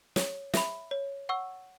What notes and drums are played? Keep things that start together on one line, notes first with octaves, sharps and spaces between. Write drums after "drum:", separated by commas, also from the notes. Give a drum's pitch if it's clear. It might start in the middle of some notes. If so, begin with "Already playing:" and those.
C#5, drum: snare
E5 B5, drum: snare
C#5
F#5 C#6 E6